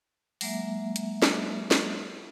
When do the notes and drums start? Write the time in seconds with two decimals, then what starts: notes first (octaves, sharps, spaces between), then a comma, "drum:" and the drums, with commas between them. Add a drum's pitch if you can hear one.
0.41 F#3 G#3 A#3 E5, drum: open hi-hat
0.96 drum: hi-hat
1.22 drum: snare
1.71 drum: snare